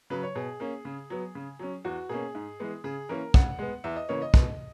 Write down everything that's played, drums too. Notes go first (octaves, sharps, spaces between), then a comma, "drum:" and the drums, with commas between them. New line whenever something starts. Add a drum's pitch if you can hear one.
C#3 F#3 B4
C#5
B2 G#4
A#3 C#4
C#3
F#3 B3
C#3
F#3 C#4
E2 F#4
B2 A#3 C#4 G#4
G#2
E3 G#3 B3
C#3 G#4
E3 A#3 C#4 A#4
C#3 F#5, drum: kick
G#3 B3
E2 E5
D#5
C#3 E3 A#3 C#4 C#5
D#5
B2, drum: kick